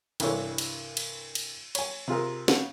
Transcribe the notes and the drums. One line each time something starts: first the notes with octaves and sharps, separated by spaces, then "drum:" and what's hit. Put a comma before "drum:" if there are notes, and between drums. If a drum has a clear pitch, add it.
C2 G2 E3 D4 A4 C#5, drum: cymbal
drum: cymbal
drum: cymbal
drum: cymbal
C#5 G#5, drum: cymbal
C3 F4 G#4 A#4
C#3 F#5, drum: snare